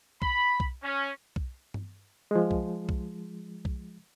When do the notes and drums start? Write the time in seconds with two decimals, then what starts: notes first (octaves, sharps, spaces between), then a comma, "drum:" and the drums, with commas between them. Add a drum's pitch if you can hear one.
0.22 B5, drum: kick B1
0.60 drum: kick B1
0.84 C#4
1.36 drum: kick B1
1.74 drum: tom G2
2.31 F3 G#3
2.51 drum: kick B1
2.89 drum: kick B1
3.65 drum: kick B1